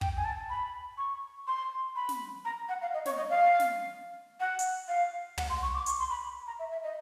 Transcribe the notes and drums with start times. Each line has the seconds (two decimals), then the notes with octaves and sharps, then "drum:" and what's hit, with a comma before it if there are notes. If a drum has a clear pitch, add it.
0.01 G5, drum: kick
0.17 G#5
0.25 A5
0.50 B5
0.98 C#6
1.47 C6
1.96 B5
2.09 drum: snare
2.45 A#5
2.69 F#5
2.82 F5
2.94 D#5
3.05 C#5, drum: snare
3.17 D#5
3.30 F5
3.60 drum: snare
4.40 F#5
4.59 drum: hi-hat
4.88 F5
5.38 F#5, drum: tom
5.50 C6
5.62 C#6
5.74 D6
5.86 C#6, drum: hi-hat
5.99 C6
6.10 B5
6.47 A#5
6.59 E5
6.72 E5
6.84 D#5